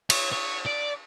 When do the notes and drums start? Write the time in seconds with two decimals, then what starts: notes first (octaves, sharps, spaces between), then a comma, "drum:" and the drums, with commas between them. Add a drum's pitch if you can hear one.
0.10 C#5, drum: cymbal
0.32 C#5
0.66 D5